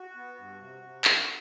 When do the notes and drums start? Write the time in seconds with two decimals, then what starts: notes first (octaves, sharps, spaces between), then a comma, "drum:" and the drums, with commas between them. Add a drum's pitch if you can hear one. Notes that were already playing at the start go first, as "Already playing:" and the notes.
Already playing: F#4
0.16 B3
0.38 G2
0.61 C3
0.83 C3
1.05 B3, drum: clap